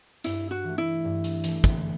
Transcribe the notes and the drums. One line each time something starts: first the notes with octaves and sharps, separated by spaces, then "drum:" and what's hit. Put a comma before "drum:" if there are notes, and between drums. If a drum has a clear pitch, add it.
G2 E4, drum: hi-hat
F#4
E3 A3
E4
G2
drum: hi-hat
E3 A3, drum: hi-hat
drum: kick, hi-hat